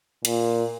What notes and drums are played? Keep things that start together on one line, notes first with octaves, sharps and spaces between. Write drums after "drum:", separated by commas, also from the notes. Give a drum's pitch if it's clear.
A#2, drum: hi-hat